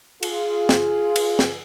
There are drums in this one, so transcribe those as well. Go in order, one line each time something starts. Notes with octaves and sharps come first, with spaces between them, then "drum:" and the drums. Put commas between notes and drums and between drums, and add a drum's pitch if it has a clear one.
F4 G#4, drum: cymbal
drum: snare
drum: cymbal
drum: snare